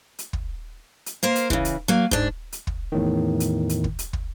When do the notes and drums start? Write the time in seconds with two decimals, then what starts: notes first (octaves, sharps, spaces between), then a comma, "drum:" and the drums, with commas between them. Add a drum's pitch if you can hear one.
0.19 drum: hi-hat
0.33 drum: kick
1.06 drum: hi-hat
1.23 A#3 A#4 C5
1.36 drum: hi-hat
1.50 C#3 E3, drum: kick
1.65 drum: hi-hat
1.88 F#3 A#3
2.11 G#2 D4, drum: kick
2.52 drum: hi-hat
2.67 drum: kick
2.92 E2 A2 D#3
3.40 drum: hi-hat
3.69 drum: hi-hat
3.84 drum: kick
3.99 drum: hi-hat
4.13 drum: kick